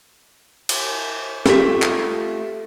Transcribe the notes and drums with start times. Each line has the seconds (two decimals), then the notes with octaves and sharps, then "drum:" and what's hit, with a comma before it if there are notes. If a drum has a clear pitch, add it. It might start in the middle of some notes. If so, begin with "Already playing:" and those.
0.69 drum: cymbal
1.46 A3 F4 G4 E5, drum: snare
1.82 drum: clap